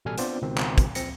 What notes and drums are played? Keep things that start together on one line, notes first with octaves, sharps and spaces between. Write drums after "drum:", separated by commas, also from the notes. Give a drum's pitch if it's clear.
A1 B2 G3 A4 G#5 F6
B3 C4 D4 F4 C5 D5, drum: hi-hat
C#2 B2 D#3 C4
drum: clap
drum: kick, hi-hat
A#1 F3 C4 A#6 C#7, drum: hi-hat